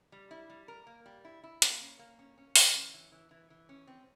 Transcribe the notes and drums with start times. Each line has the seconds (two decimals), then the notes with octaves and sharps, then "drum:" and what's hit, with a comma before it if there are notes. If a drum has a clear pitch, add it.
0.12 G3
0.31 E4
0.50 G3
0.68 A#4
0.87 A#3
1.06 G3
1.25 E4
1.43 E4
1.62 A#3, drum: hi-hat
1.81 C#4
1.99 A#3
2.19 C#4
2.38 C#4
2.56 E3, drum: open hi-hat
2.75 C#4
2.94 E3
3.12 E3
3.31 E3
3.50 E3
3.69 C#4
3.87 C4